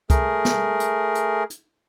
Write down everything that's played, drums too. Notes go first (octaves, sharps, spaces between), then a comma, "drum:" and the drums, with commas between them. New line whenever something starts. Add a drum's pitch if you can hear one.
A3 G#4 A#4, drum: kick, hi-hat
drum: snare
drum: hi-hat
drum: hi-hat
drum: hi-hat